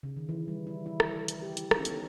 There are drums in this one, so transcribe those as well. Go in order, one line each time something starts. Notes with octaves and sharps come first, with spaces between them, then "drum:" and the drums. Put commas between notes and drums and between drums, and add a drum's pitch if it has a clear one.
C#3
D#3
E3
G3
E4
E4
drum: rim click
drum: hi-hat
G4
E4, drum: hi-hat
D#4, drum: rim click
C#4
B3, drum: hi-hat
D#4